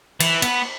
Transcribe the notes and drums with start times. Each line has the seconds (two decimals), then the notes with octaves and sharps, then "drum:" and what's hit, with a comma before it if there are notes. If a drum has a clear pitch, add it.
0.20 E3, drum: cymbal
0.42 B3, drum: cymbal